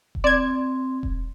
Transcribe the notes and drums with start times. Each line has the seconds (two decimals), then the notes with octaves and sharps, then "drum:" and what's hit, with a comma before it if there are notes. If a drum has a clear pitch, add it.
0.15 drum: kick E1
0.24 C4 D5 G#6
1.03 drum: kick E1